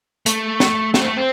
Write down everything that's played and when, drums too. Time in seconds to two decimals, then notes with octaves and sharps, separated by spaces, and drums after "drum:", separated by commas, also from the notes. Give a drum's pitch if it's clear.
0.26 A3, drum: hi-hat
0.60 drum: snare
0.94 A3, drum: snare
1.00 C4
1.05 A3
1.17 C4